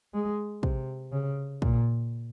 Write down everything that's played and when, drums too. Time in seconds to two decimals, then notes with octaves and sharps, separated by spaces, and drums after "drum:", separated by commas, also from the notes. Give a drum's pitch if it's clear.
0.14 G#3
0.63 C3, drum: kick
1.12 C#3
1.62 A#2, drum: kick